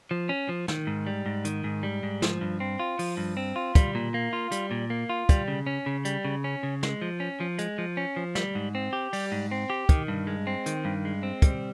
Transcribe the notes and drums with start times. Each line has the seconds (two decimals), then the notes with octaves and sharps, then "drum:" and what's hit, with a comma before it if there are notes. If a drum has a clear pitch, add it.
0.11 F3
0.29 C#4
0.49 F3
0.68 D#3, drum: snare
0.87 G#2
1.07 G3
1.26 G#2
1.45 D#3, drum: hi-hat
1.64 G#2
1.83 G3
2.03 G#2
2.22 F3, drum: snare
2.41 G2
2.60 C4
2.79 F4
2.99 F3, drum: open hi-hat
3.17 G2
3.37 C4
3.56 F4
3.75 G3, drum: kick, hi-hat
3.95 A#2
4.14 A#3
4.33 F4
4.52 G3, drum: hi-hat
4.71 A#2
4.90 A#3
5.09 F4
5.29 G3, drum: kick, hi-hat
5.48 C#3
5.67 C#4
5.86 C#3
6.05 G3, drum: hi-hat
6.25 C#3
6.44 C#4
6.63 C#3
6.83 G#3, drum: snare
7.02 F3
7.20 C#4
7.40 F3
7.59 G#3, drum: hi-hat
7.78 F3
7.97 C#4
8.16 F3
8.35 G3, drum: snare
8.55 G#2
8.75 C4
8.93 G4
9.13 G3, drum: open hi-hat
9.32 G#2
9.52 C4
9.70 G4
9.89 D#3, drum: kick, hi-hat
10.08 G2
10.27 G#3
10.47 C4
10.66 D#3, drum: hi-hat
10.85 G2
11.05 G#3
11.23 C4
11.42 G3, drum: kick, hi-hat